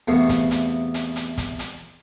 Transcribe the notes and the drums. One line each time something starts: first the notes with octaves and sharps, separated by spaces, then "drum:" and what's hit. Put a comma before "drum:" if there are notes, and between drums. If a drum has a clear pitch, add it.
E2 C3 A3 B3 F5
drum: kick, hi-hat
drum: hi-hat
drum: hi-hat
drum: hi-hat
drum: kick, hi-hat
drum: hi-hat